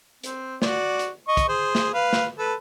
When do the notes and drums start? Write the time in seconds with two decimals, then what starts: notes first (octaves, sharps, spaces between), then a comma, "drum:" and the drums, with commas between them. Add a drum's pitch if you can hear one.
0.23 C4, drum: hi-hat
0.62 F#4 D5, drum: snare
0.99 drum: hi-hat
1.28 D#5 C#6
1.37 drum: kick, hi-hat
1.48 G#4 C5
1.75 drum: snare
1.94 B4 F5
2.13 drum: snare
2.38 A4 B4